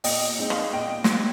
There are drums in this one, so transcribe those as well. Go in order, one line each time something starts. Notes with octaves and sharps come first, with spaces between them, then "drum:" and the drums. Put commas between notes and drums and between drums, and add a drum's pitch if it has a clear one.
A#2 D#5 G5, drum: open hi-hat
G#3 C4 D#4
F5, drum: rim click
A#2 D#5 G5
drum: snare